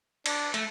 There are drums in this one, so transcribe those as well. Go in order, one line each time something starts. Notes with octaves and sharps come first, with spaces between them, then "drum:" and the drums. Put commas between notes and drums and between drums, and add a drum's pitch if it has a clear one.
D4, drum: cymbal
A3, drum: cymbal